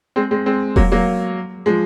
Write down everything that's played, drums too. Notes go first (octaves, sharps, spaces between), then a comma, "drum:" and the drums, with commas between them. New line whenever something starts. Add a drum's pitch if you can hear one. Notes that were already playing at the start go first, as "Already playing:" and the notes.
G#3 C4
G#3 C4
G#3 C4
F#3 A#3, drum: kick E1
F#3 A#3
F3 G#3